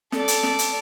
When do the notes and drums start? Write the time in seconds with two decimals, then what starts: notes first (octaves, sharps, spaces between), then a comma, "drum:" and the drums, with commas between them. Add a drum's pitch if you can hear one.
0.12 A4 D5, drum: snare
0.28 drum: hi-hat
0.43 drum: snare
0.59 drum: hi-hat